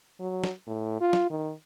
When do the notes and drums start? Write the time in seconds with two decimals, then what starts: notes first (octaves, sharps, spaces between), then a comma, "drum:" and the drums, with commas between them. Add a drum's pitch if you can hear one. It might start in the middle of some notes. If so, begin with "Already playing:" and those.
0.20 F#3
0.44 drum: snare
0.67 A2
1.01 F4
1.13 drum: snare
1.31 D#3